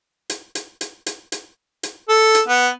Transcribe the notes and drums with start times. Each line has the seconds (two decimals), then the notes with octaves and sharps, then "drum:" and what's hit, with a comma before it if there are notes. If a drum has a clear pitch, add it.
0.30 drum: hi-hat
0.55 drum: hi-hat
0.81 drum: hi-hat
1.06 drum: hi-hat
1.32 drum: hi-hat
1.83 drum: hi-hat
2.09 A4
2.35 drum: hi-hat
2.48 B3